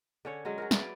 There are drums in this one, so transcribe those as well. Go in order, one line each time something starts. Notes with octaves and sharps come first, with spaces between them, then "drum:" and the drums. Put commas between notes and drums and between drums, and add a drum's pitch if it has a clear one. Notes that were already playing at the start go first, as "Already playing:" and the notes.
D3 C#4 C#5
F#3 G#3 C#4
F#3 F#4 A#4
E4 B4 D5, drum: snare